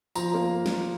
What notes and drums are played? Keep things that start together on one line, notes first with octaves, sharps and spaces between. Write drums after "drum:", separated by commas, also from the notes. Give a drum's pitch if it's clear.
F3 A#5, drum: tambourine
A#3
drum: snare